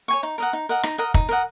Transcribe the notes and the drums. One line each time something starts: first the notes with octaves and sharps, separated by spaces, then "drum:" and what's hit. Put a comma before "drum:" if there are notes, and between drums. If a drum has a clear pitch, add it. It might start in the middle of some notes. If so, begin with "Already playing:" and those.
C#5 G#5 C#6
D#4
A#4 D#5 F#5
D#4
A#4 D#5 F#5
D#4, drum: rim click
A#4 D#5 F#5
D#4, drum: kick
A#4 D#5 F#5